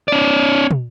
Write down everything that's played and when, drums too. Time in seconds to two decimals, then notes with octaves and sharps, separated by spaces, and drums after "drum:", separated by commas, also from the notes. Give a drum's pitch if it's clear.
0.08 C#4 D5
0.71 drum: tom